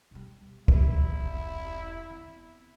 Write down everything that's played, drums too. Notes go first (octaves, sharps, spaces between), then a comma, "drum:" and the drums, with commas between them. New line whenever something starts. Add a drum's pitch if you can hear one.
B2 G3
E4 F4, drum: kick C2
E1
B3 C4